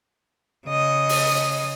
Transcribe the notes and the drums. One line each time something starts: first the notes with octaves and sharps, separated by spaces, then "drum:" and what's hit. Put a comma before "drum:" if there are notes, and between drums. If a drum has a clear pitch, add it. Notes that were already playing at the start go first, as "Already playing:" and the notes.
C#3 D#5
drum: open hi-hat